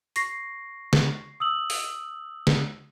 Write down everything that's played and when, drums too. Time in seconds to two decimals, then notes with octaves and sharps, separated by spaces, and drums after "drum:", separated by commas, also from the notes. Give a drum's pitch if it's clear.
0.16 C#6 A#6 C7, drum: hi-hat
0.93 drum: snare
1.40 D#6 E6 F#7
1.70 drum: open hi-hat
2.47 drum: snare